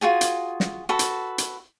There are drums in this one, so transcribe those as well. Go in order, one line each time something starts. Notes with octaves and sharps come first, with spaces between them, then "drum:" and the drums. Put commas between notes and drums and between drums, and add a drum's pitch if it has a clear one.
F4 F#4 G#4 G#5
drum: hi-hat
drum: snare
F#4 A4 B4
drum: hi-hat
drum: hi-hat